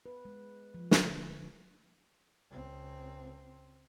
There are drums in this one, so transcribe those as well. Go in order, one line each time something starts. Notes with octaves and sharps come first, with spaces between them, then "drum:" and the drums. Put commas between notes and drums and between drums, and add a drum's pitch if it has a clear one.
B4
G#3
F3
D3, drum: snare
C#2 C4